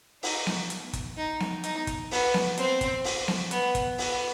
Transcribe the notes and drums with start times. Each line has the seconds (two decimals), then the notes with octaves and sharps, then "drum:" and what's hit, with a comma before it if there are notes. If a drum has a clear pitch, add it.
0.23 D#4, drum: open hi-hat
0.47 drum: snare B3
0.70 drum: hi-hat
0.93 drum: kick, hi-hat
1.17 D#4
1.40 drum: snare B3
1.64 D#4, drum: hi-hat
1.87 drum: kick, hi-hat
2.11 B3, drum: open hi-hat
2.34 drum: snare B3
2.58 C4, drum: hi-hat
2.81 drum: kick, hi-hat
3.04 drum: open hi-hat
3.28 drum: snare B3
3.51 B3, drum: hi-hat
3.75 drum: kick, hi-hat
3.98 B3, drum: open hi-hat